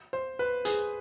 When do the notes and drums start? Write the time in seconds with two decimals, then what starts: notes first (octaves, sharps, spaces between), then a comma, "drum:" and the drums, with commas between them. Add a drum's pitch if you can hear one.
0.13 C5
0.39 B4
0.65 G#4, drum: hi-hat